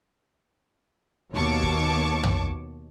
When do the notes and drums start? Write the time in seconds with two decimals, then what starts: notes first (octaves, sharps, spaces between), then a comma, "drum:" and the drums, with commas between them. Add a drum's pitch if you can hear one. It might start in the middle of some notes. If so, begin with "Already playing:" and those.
1.33 D#2 B2 C#5 A5 C#6 D6
1.63 drum: kick
2.23 drum: tom